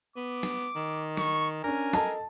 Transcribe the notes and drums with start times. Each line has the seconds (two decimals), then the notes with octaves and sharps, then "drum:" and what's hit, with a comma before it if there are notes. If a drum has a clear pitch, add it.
0.16 B3 D6
0.43 drum: snare
0.75 D#3
1.17 C#6, drum: snare
1.64 C#4 D4 A#4 G#5
1.93 A4 D#5 A5, drum: snare